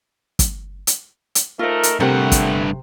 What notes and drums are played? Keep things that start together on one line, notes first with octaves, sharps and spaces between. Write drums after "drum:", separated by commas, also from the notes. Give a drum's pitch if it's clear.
drum: kick G1, hi-hat
drum: hi-hat
drum: hi-hat
A3 D#4 F4 A#4 C5
drum: hi-hat
G2 C3 A3 G4 A#4 C5 F#5
drum: kick G1, hi-hat